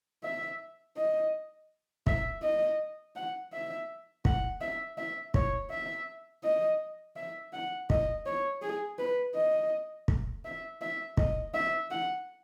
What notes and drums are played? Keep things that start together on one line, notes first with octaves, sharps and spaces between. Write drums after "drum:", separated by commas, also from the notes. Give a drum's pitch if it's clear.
E5
D#5
E5, drum: kick
D#5
F#5
E5
F#5, drum: kick
E5
E5
C#5, drum: kick
E5
D#5
E5
F#5
D#5, drum: kick
C#5
G#4
B4
D#5
drum: kick
E5
E5
D#5, drum: kick
E5
F#5